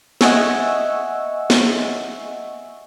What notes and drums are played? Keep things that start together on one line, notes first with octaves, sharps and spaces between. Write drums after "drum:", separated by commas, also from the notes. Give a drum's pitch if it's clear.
D#5 E5 F#5 G#5 C#6 E6, drum: snare
drum: snare